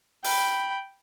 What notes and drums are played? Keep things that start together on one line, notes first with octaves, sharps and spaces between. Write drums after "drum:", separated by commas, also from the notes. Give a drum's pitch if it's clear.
G5 B5, drum: open hi-hat